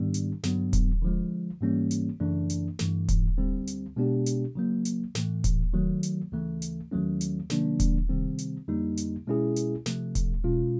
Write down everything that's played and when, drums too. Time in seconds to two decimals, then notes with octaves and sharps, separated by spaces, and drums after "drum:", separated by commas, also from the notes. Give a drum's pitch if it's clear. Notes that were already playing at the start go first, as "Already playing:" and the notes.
Already playing: G#2 D#3 G3 B3 D4
0.14 drum: hi-hat
0.43 G2 D3 F#3 B3, drum: snare
0.73 drum: kick D#1, hi-hat
1.02 D3 F3 G#3
1.61 G#2 E3 G3 A#3 C#4
1.91 drum: hi-hat
2.20 F#2 C#3 E3 A3 D4
2.50 drum: hi-hat
2.79 G2 E3 A3, drum: snare
3.08 drum: kick D#1, hi-hat
3.38 D2 D3 G3 C4
3.67 drum: hi-hat
3.96 B2 G#3 B3 D4 G4
4.26 drum: hi-hat
4.56 C#3 F#3 A#3
4.85 drum: hi-hat
5.15 A2 E3 A3, drum: snare
5.44 drum: kick D#1, hi-hat
5.73 D#3 F#3 A3
6.03 drum: hi-hat
6.32 D2 C#3 E3 A3
6.62 drum: hi-hat
6.91 D#2 D#3 F#3 A3 C#4
7.21 drum: hi-hat
7.50 C3 D#3 F#3 A#3 D4, drum: snare
7.80 drum: kick D#1, hi-hat
8.09 C3 D#3 G3 C4
8.38 drum: hi-hat
8.68 F2 D3 G3 A#3 D#4
8.97 drum: hi-hat
9.27 B2 G#3 C#4 E4 G#4
9.56 drum: hi-hat
9.86 C3 F3 A3, drum: snare
10.15 drum: kick D#1, hi-hat
10.44 B2 G#3 C#4 F4